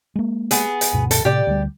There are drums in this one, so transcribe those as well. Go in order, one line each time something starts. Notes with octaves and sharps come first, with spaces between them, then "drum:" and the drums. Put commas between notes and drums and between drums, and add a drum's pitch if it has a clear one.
G#3 A#3
B3 G#4, drum: hi-hat
drum: hi-hat
D2 G2 B2
A4, drum: hi-hat
A2 C3 G4 D5
D2 G3